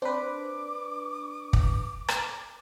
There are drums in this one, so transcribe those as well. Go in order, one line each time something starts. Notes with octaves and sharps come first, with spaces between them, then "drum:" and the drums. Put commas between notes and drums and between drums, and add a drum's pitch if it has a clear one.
C4 D4 B4 C5 D6
drum: kick
drum: rim click